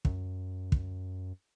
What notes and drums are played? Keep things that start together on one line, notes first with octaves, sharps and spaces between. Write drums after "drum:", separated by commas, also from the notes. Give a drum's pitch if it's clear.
F#2, drum: kick
drum: kick